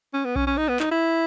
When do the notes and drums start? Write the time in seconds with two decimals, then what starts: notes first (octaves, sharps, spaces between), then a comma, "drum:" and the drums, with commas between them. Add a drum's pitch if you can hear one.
0.14 C#4
0.25 B3
0.36 C#4, drum: kick B1
0.47 C#4
0.57 D#4
0.69 B3
0.80 D#4, drum: clap
0.91 E4